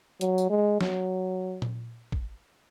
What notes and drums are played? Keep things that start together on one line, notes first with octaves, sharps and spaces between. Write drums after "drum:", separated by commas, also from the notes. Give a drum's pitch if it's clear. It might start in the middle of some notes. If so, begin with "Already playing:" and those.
F#3, drum: hi-hat
drum: tambourine
G#3
F#3, drum: snare
drum: tom A#2
drum: kick